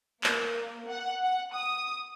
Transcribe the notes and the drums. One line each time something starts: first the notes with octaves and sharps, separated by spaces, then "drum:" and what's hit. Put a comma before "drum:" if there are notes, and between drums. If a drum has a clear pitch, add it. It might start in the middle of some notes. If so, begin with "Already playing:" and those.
A#3, drum: clap
F#5
F#5
D#6